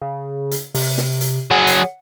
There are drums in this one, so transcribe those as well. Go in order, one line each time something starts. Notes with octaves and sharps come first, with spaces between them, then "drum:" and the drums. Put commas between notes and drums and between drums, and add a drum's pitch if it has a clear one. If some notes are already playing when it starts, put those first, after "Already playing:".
C#3
drum: hi-hat
C3, drum: open hi-hat
drum: snare
drum: hi-hat
F#3 G#4 F#5
drum: hi-hat